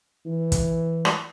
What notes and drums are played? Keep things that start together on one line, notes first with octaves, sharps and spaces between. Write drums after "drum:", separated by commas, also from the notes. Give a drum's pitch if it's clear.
E3
drum: kick, hi-hat
drum: rim click